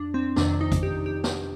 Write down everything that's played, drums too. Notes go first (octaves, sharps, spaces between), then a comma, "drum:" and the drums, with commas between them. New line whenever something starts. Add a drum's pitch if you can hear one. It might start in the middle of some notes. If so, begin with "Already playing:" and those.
Already playing: F2 F3 D4
C4
F2 C3 D#3 D4, drum: snare
D#4
drum: kick, hi-hat
G4
G4
drum: snare